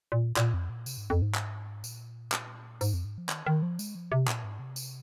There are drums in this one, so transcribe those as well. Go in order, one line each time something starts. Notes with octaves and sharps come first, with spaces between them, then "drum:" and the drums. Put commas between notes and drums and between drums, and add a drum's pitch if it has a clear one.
A#2
A#2, drum: clap
F2
A#2
C3, drum: tambourine
G#2
F2
G#2
drum: clap
A#2, drum: tambourine
drum: clap
G#2, drum: tambourine
F2
G#2
F3
D#3, drum: clap
D#3
F3
G#3, drum: tambourine
F3
C3
A#2, drum: clap
G#2
C3
drum: tambourine